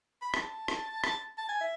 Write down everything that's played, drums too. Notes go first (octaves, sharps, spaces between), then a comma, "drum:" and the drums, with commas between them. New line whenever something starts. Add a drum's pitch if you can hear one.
B5
A5, drum: rim click
drum: rim click
A5, drum: rim click
A5
G#5
E5